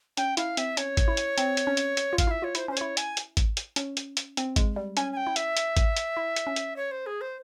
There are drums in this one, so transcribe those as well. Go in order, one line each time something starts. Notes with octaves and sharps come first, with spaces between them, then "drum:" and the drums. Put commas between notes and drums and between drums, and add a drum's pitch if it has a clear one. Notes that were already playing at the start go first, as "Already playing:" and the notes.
C#4 G5, drum: hi-hat
E4 F5, drum: hi-hat
C4 E5, drum: hi-hat
C#4 C#5, drum: hi-hat
drum: kick G#1, hi-hat
E4
drum: hi-hat
C4, drum: hi-hat
drum: hi-hat
C#4
drum: hi-hat
drum: hi-hat
F4
F5, drum: kick G#1, hi-hat
E4 E5
F4 C#5
E4 C5, drum: hi-hat
C#4 C5
E4 C#5, drum: hi-hat
G#5, drum: hi-hat
drum: hi-hat
drum: kick G#1, hi-hat
drum: hi-hat
C#4, drum: hi-hat
drum: hi-hat
drum: hi-hat
C4, drum: hi-hat
G#3, drum: kick G#1, hi-hat
G3
C#4 G#5, drum: hi-hat
G#5
G5
E4
E5, drum: hi-hat
drum: hi-hat
drum: kick G#1, hi-hat
drum: hi-hat
E4
drum: hi-hat
C#4
drum: hi-hat
C#5
C5
G#4
C5